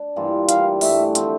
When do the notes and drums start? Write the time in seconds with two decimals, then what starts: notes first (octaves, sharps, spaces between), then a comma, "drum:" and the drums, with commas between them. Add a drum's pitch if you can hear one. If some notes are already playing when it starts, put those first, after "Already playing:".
Already playing: D4
0.16 G2 E3 A#3 F4
0.49 E3 G3 A#3 F5, drum: hi-hat
0.81 G2 E3 A3 E5, drum: open hi-hat
1.15 D3 F3 C4, drum: hi-hat